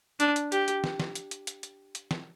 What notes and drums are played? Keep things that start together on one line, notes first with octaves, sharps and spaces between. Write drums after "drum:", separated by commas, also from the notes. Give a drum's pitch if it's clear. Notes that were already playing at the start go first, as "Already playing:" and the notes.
D4, drum: hi-hat
drum: hi-hat
G4, drum: hi-hat
drum: hi-hat
drum: snare
drum: snare
drum: hi-hat
drum: hi-hat
drum: hi-hat
drum: hi-hat
drum: hi-hat
drum: snare